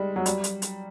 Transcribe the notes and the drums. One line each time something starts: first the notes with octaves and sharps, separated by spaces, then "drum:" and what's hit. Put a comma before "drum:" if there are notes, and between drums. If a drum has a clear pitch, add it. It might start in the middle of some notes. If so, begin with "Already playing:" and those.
Already playing: G3 G#3
F#3
G3, drum: hi-hat
drum: hi-hat
drum: hi-hat